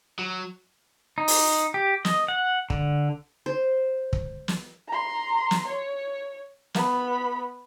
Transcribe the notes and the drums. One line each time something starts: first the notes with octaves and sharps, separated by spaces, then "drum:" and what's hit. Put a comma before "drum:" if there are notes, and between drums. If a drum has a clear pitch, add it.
F#3
D#4
drum: open hi-hat
G4
D#5, drum: snare
F#5
D3, drum: kick
C5
drum: kick
drum: snare
A#5 C6
drum: snare
C#5
B3 B5, drum: snare